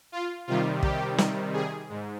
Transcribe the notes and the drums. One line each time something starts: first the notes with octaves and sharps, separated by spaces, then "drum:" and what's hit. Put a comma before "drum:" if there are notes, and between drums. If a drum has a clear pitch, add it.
F4
C3 D#3 G3 F4
G4, drum: kick
drum: snare
G#4
G#2